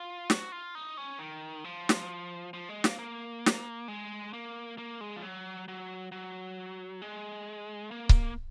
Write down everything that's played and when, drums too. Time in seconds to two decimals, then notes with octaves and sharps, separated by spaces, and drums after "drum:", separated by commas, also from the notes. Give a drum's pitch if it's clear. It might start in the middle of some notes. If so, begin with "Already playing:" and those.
Already playing: F4
0.30 F#4, drum: snare
0.52 F4
0.75 D#4
0.97 C#4
1.19 D#3
1.64 F3
1.89 drum: snare
2.53 F3
2.69 G#3
2.84 A#3, drum: snare
2.99 A#3
3.46 drum: snare
3.88 G#3
4.33 A#3
4.78 A#3
5.01 G#3
5.16 F3
5.22 F#3
5.68 F#3
6.12 F#3
7.02 G#3
7.91 A#3
8.09 drum: kick C#1